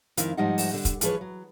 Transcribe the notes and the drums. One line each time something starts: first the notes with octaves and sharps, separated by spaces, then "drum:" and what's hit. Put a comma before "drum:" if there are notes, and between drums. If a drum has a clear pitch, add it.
F2 D#3 E4 F5, drum: hi-hat
G#2 F3 G3 D#4 D#5 F#5
drum: open hi-hat
D3
drum: kick, hi-hat
E3 F3 G#4 B4 C#5, drum: hi-hat
F#3